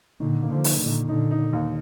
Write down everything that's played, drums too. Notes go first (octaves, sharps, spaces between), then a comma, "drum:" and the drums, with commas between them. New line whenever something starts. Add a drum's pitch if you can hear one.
A#2 D3 D#3
A#3
D3 F3
D#4, drum: open hi-hat
A#2 D3
D#3
A#2 D3 D#4
D#4
D#2